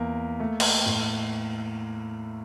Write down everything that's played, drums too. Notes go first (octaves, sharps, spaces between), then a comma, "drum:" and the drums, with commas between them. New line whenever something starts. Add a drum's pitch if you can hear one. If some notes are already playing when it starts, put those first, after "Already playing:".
Already playing: E2 A#3
A3
drum: cymbal
A2